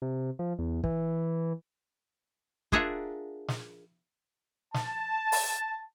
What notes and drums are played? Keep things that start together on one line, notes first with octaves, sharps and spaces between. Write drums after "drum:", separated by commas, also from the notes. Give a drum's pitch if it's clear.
C3
F3
E2
E3, drum: kick
D4 F4 G#4 A#4 E5 F#5, drum: kick
drum: snare
A5, drum: snare
drum: open hi-hat